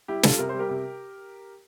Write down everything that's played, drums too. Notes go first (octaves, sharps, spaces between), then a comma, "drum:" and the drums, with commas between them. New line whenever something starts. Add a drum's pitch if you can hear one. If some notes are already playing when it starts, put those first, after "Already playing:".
G3 E4 G4
G3 F4 A4, drum: snare
C3 A#4
G3 C5
G4 A#4
C3